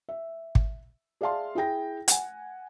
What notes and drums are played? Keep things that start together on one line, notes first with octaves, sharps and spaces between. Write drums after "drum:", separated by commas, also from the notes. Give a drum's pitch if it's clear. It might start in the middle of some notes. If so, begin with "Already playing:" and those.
E5
drum: kick
G#4 D5 E5 F5 A5 C6
E4 G#4 G5 A#6
F#5 G#5, drum: hi-hat